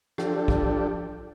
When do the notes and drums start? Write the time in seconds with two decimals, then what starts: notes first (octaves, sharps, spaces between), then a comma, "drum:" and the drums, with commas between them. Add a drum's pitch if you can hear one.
0.18 F3 D4 G4 A4, drum: rim click
0.48 drum: kick